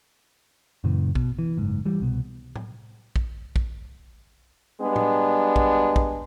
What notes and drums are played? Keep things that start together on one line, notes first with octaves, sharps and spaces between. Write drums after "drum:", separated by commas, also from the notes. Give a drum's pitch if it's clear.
F#2 A#2 C#3 E3
B2, drum: kick
E3
F#1 G#2
E3 G3
C2 B2
drum: tom A2
drum: kick
drum: kick
G3 G#3 B3 D4
drum: tom A2
drum: kick
drum: kick